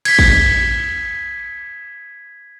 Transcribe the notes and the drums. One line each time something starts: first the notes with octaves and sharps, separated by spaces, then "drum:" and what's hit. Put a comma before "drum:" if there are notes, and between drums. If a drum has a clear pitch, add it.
G#6 B6, drum: cymbal
drum: kick